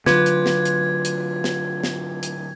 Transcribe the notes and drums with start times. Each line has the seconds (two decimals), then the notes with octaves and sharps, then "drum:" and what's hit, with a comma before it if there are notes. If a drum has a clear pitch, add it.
0.06 D3 F#3 F4 B4 D6 G#6, drum: snare
0.26 drum: hi-hat
0.46 drum: snare
0.65 drum: hi-hat
1.05 drum: hi-hat
1.44 drum: snare
1.83 drum: snare
2.23 drum: hi-hat